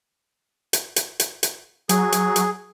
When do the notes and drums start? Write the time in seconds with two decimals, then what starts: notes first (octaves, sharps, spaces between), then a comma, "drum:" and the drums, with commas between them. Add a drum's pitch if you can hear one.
0.73 drum: hi-hat
0.96 drum: hi-hat
1.20 drum: hi-hat
1.43 drum: hi-hat
1.89 F#3 G#4, drum: hi-hat
2.12 drum: hi-hat
2.36 drum: hi-hat